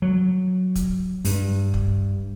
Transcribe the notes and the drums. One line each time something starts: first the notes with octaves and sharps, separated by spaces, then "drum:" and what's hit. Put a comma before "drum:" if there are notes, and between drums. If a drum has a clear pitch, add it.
F#3
drum: kick, hi-hat
G2, drum: open hi-hat
drum: kick